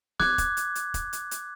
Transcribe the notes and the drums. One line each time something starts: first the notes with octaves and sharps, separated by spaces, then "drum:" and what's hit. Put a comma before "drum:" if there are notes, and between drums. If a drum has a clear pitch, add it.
D6 F#6 G#6, drum: snare
drum: kick, hi-hat
drum: hi-hat
drum: hi-hat
drum: kick, hi-hat
drum: hi-hat
drum: hi-hat